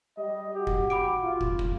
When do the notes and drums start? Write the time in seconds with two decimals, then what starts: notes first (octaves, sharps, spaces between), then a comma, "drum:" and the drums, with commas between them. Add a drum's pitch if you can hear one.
0.17 G3 D#5
0.54 F#4 G4
0.67 drum: kick
0.90 B5 D6 D7
1.22 F4
1.41 drum: kick
1.59 drum: kick